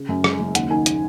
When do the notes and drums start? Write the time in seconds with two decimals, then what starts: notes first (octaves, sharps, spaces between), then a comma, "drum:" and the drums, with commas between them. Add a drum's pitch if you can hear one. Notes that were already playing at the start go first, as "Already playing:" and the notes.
Already playing: C#3
0.09 F#2
0.24 G#3, drum: rim click
0.39 F#1
0.55 D#2 F#5, drum: hi-hat
0.71 D#3 G#5
0.86 drum: hi-hat